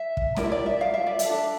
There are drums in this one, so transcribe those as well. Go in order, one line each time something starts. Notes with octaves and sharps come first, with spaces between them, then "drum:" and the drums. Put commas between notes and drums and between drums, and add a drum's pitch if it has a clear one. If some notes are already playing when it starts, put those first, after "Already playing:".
Already playing: E5
drum: kick
E4 G4 A#4 D5, drum: snare
E5
D5
E5
F5
E5
D5
E5, drum: hi-hat
D4 A4